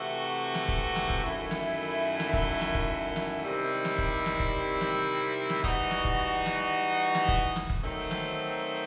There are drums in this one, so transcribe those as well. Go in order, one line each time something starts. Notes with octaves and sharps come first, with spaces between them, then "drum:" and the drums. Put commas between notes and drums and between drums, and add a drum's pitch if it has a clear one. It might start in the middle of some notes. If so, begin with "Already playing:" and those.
Already playing: C3 E3 A3 C4 F#4
drum: snare
drum: kick
drum: snare
drum: kick
F#2 D#3 A3 E4
drum: snare
drum: snare
drum: kick
drum: snare
drum: kick
drum: snare
C3 D#3 G3 C4 E4
drum: snare
drum: kick
drum: snare
drum: kick
drum: snare
drum: snare
E3 G3 D#4 F#4, drum: kick
drum: snare
drum: kick
drum: snare
drum: snare
drum: kick
drum: snare
drum: kick
D#3 F#3 A3 C4
drum: snare